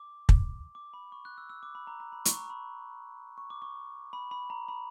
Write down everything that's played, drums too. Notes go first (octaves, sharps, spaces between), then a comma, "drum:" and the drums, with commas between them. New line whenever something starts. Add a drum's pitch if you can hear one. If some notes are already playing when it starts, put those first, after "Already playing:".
Already playing: D6
drum: kick
D6
B5
C#6
F#6
E6
E6
D6
B5
A#5
A#5
B5
C#6, drum: hi-hat
A#5
B5
C#6
D6
C#6
B5
B5
A#5
B5